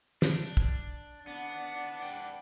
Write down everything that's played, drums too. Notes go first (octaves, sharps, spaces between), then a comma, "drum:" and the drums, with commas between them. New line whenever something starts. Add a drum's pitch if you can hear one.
D4, drum: snare
drum: kick
B3 D4 F#5
B4 G5